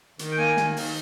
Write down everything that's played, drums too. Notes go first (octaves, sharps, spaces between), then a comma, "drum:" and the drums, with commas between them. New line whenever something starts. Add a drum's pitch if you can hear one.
D#3, drum: hi-hat
G5
A#3 G#5
D#3, drum: snare
D#3, drum: open hi-hat